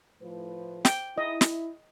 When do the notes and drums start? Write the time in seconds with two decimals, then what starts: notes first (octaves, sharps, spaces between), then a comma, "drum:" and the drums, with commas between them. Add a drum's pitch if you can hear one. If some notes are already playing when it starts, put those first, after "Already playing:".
0.21 A2 F3 B4
0.85 G5, drum: snare
1.18 E4 D#5
1.41 drum: snare